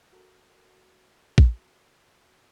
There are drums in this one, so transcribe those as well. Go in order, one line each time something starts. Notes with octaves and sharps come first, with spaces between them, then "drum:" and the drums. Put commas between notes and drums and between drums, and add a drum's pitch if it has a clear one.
F#4 A4 A#4
drum: kick